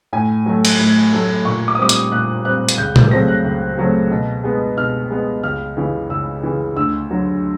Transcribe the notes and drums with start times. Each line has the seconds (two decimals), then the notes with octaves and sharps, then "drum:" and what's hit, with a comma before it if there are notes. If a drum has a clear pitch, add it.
0.13 A2 G#5
0.46 F#3 A3
0.65 drum: cymbal
0.79 A2
1.12 F#3 A3
1.45 A#2 C#6
1.68 D6
1.75 D#6
1.79 G3 C4 D6
1.89 D#6, drum: hi-hat
2.12 A#2 F#6
2.45 G3 C4 F#6
2.69 drum: hi-hat
2.78 C#2 G6
2.96 drum: tom A#2
3.11 C#3 F#3 A3 C4 A#6
3.28 F#6
3.45 C#2
3.77 C#3 F#3 A3 C4
4.11 B2
4.44 G#3 B3
4.77 B2 F6
5.10 G#3 B3
5.43 C#2 F6
5.77 C#3 E3
6.10 C#2 E6
6.43 C#3 E3
6.76 D2 E6
7.09 D3 F#3